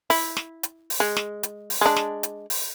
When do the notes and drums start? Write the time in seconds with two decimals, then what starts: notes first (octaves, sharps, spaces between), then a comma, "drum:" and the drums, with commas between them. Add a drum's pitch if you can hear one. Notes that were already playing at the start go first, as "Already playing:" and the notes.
0.10 E4, drum: open hi-hat
0.37 drum: snare
0.63 drum: hi-hat
0.90 drum: open hi-hat
1.00 G#3
1.17 drum: snare
1.43 drum: hi-hat
1.70 drum: open hi-hat
1.81 G#3 D4
1.97 drum: snare
2.23 drum: hi-hat
2.50 drum: open hi-hat